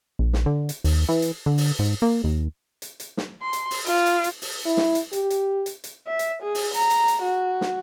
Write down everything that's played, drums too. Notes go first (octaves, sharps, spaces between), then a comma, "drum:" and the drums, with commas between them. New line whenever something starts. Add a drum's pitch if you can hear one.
A#1
drum: snare
D3
drum: hi-hat
D#2, drum: open hi-hat
E3
drum: hi-hat
D3
drum: open hi-hat
G#2
A#3
D#2
drum: hi-hat
drum: hi-hat
drum: snare
C6
drum: hi-hat
drum: open hi-hat
F4, drum: hi-hat
drum: hi-hat
drum: hi-hat
drum: open hi-hat
E4
drum: snare
drum: hi-hat
G4, drum: hi-hat
drum: hi-hat
drum: hi-hat
drum: hi-hat
E5
drum: hi-hat
G#4
drum: open hi-hat
A#5, drum: hi-hat
drum: hi-hat
drum: hi-hat
F#4
drum: snare